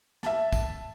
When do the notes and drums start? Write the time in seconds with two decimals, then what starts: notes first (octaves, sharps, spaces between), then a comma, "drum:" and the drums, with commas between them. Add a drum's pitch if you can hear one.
0.23 E5 A5, drum: snare
0.53 drum: kick, tambourine